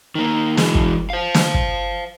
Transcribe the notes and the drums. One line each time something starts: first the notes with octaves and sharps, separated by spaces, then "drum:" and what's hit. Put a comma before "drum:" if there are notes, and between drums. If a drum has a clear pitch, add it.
D#3 A#3
E3 G#3, drum: snare
drum: kick
C5 F5
drum: snare
drum: kick